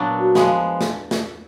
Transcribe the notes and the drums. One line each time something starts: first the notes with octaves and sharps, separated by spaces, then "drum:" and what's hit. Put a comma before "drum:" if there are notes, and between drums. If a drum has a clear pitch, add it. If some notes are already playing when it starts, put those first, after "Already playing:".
Already playing: A#2 F#3 B3 D4
F#4
F3 G#3 B3, drum: snare
drum: snare
drum: snare